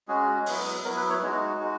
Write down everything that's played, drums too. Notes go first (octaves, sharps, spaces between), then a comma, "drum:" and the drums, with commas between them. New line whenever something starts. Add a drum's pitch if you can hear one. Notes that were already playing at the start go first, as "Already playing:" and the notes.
G#3 C#4 F#4 G#4
F#3 B3 E4, drum: open hi-hat
F#3 B3 E4 A#4
B4
C#5
G#3 D#4 F#4
G#3 D#4 F#4